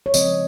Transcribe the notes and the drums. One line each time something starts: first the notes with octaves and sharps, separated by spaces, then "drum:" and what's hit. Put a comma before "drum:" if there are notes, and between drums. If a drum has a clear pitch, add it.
C#5
C#3 F3 G#3 C4 D#5, drum: tambourine